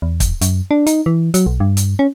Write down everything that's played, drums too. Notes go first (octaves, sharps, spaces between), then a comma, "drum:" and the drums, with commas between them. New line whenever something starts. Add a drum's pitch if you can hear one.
E2
drum: kick, hi-hat
F#2, drum: hi-hat
D4
D#4, drum: hi-hat
E3
F#3, drum: hi-hat
B1
G2
drum: hi-hat
C#4